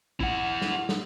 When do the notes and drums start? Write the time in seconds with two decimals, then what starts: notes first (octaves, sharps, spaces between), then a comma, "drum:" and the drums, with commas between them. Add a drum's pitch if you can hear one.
0.20 E4 F#5, drum: kick
0.62 drum: snare
0.89 drum: snare